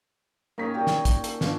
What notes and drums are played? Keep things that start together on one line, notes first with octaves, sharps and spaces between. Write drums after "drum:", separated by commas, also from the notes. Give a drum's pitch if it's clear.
D#3 A#3 C#4 D#5 A#5 B6
A#2 F#4 G4
drum: snare
drum: kick, hi-hat
A4, drum: hi-hat
B2 D4 F4, drum: snare